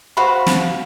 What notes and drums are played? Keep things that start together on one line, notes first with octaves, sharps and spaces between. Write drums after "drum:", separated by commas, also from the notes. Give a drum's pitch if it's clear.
F#4 C5 F5 B5
drum: snare